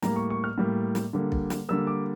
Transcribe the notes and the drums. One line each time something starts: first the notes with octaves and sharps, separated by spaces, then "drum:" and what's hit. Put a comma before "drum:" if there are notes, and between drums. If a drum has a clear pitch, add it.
A2 G3 A#3 A#5, drum: snare
C#6
C#6
F6
A2 G3 A#3
drum: snare
D3 G3 A#3
drum: kick B1
drum: snare
D3 G3 A#3 E6
D6